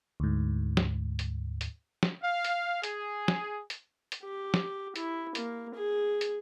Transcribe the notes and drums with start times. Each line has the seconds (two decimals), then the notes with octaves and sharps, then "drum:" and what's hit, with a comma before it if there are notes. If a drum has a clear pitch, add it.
0.20 D2 G#2
0.77 drum: snare
1.19 drum: hi-hat
1.61 drum: hi-hat
2.03 drum: snare
2.22 F5
2.45 drum: hi-hat
2.83 G#4, drum: hi-hat
3.28 drum: snare
3.70 drum: hi-hat
4.12 drum: hi-hat
4.23 G4
4.54 drum: snare
4.96 E4, drum: hi-hat
5.35 A#3, drum: hi-hat
5.75 G#4
6.21 drum: hi-hat